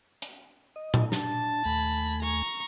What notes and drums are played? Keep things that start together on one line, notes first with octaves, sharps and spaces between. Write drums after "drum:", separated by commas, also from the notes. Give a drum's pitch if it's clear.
drum: hi-hat
D#5
drum: tom A#2
D4 A5, drum: snare
D#2 A3 G#5 B5
A#5 C#6